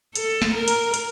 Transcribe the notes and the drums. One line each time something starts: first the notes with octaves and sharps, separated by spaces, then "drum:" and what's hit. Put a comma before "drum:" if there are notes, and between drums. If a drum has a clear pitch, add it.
A4, drum: hi-hat
drum: snare
A#4
drum: hi-hat
drum: hi-hat